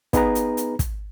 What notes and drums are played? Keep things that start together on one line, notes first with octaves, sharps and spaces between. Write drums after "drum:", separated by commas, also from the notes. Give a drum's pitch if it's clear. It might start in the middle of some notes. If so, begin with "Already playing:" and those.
B3 D#4 G#4 B4 A#5, drum: kick, hi-hat
drum: hi-hat
drum: hi-hat
drum: kick, hi-hat